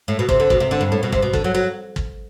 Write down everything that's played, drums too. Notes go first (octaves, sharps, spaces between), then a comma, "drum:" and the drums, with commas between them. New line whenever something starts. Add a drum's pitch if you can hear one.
A2
B2
C3, drum: kick
D3
B2, drum: kick
C3
D3
G2
A2
B2
C3, drum: kick
B2
D3, drum: kick
F#3
F#3
drum: kick